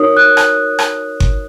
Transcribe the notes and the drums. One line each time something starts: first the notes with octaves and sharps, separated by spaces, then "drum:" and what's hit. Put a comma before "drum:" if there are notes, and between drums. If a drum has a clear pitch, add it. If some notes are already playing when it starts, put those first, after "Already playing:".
Already playing: D#4 F#4 A#4 C#5 D#6
F#6
drum: rim click
drum: rim click
drum: kick G1